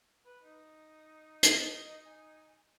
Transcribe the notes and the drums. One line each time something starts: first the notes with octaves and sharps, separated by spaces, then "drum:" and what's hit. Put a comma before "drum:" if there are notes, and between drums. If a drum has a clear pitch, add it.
B4
D#4
D#5, drum: hi-hat
G#5